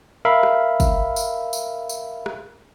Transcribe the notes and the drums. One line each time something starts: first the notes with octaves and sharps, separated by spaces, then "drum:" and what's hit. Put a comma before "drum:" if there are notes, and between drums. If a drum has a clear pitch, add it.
A#4 E5 F5 B5
drum: rim click
drum: kick, tambourine
drum: tambourine
drum: tambourine
drum: tambourine
drum: rim click